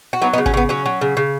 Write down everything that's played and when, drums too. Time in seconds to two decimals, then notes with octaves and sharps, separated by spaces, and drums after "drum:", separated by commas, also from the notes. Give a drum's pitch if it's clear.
0.13 F#4
0.21 F#3 B3 D#4
0.34 B3 D#4
0.38 C#3
0.46 C#4, drum: kick G#1
0.54 C#3 B3
0.69 F#3 C#4
0.86 F#3
1.01 C#3
1.17 C#3